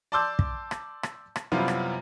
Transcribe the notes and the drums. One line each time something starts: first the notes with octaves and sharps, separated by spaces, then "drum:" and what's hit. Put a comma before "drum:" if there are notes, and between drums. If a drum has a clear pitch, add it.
D5 A5 C6 D6 E6 G6
drum: kick
drum: rim click
drum: rim click
drum: rim click
F#2 C3 G3 B3 E4 F4
drum: rim click